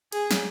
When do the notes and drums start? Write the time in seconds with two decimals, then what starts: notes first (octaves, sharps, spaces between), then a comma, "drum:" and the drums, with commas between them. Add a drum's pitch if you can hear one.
0.12 G#4, drum: cymbal
0.31 drum: snare